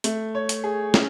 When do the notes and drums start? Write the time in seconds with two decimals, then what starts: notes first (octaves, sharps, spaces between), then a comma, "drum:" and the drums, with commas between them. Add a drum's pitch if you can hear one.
0.04 A3, drum: hi-hat
0.35 C#5
0.49 drum: hi-hat
0.64 G#4
0.94 C#4, drum: snare